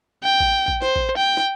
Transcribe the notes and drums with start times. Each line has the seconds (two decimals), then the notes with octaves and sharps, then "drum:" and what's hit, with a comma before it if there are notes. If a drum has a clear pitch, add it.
0.23 G5
0.40 drum: kick A1
0.68 drum: kick A1
0.82 C5, drum: snare
0.96 drum: kick A1
1.17 G5
1.37 drum: snare